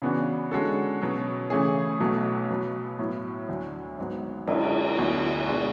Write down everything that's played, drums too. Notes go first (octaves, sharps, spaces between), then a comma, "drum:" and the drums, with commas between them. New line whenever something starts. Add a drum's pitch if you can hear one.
C#3 E3 B3 D4 F#4
D3 G#3 C#4 F#4 A4
B2 F#3 C#4
C#3 E3 A3 C#4 G#4
B1 B2 F#3 A3
B2 F#3 B3
A2 F#3 B3 E4
D2 D3 F#3
G#1 G#2 F#3 B3
F#2 D3 G#3 C#4 E4, drum: cymbal
D2 D3 F#3 B3 F#4
B2 G#3 D4 F#4